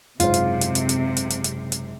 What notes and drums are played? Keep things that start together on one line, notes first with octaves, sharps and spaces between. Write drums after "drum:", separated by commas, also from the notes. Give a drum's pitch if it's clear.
F#1 G#2 C3 F4 C5, drum: hi-hat
drum: hi-hat
drum: hi-hat
drum: hi-hat
drum: hi-hat
drum: hi-hat
drum: hi-hat
drum: hi-hat
drum: hi-hat